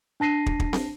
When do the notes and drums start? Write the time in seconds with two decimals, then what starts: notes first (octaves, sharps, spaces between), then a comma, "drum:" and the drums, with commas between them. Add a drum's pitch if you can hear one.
0.20 D4 A5 A#6 C7 D#7
0.46 drum: kick
0.60 drum: kick
0.73 drum: snare C4